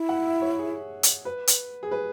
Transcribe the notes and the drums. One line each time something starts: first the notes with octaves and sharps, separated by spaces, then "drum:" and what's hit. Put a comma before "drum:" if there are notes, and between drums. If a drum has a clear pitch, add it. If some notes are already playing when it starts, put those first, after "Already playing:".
Already playing: E4
F#5
E5
C#5
G#4
drum: hi-hat
B4
drum: hi-hat
G#4
B4